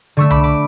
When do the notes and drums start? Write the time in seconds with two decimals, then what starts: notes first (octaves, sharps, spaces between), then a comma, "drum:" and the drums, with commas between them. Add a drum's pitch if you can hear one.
0.17 D3 A3 C#6 E6
0.31 B5 D6, drum: tom C2
0.43 B5 D6